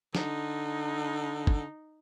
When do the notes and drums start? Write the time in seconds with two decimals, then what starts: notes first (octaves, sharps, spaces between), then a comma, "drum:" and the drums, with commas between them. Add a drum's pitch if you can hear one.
0.15 D3 D#4, drum: snare
1.47 drum: kick